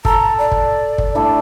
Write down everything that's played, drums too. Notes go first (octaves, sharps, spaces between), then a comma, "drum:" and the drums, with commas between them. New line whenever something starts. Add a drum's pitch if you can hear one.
A4 A#5, drum: kick
D5
drum: kick
drum: kick
A3 D4 E4